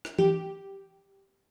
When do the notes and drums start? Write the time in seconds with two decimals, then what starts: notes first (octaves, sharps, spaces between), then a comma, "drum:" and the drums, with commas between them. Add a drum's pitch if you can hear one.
0.05 drum: rim click
0.19 G4, drum: tom E3